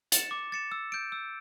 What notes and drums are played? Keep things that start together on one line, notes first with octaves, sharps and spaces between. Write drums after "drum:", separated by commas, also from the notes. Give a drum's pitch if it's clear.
A6 C#7 E7, drum: hi-hat
D6
A6 C#7 E7
E6
G6 D7
E6